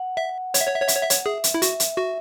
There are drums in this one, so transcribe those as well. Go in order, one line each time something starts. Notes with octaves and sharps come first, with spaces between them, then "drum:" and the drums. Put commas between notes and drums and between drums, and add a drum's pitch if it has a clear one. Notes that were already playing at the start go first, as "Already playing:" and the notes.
Already playing: F#5
E5
C#5, drum: hi-hat
E5
C#5
E5
C#5
E5, drum: hi-hat
C#5
E5
C#5, drum: hi-hat
G#4 E5
drum: hi-hat
E4
F#4 E5, drum: hi-hat
drum: hi-hat
F#4 E5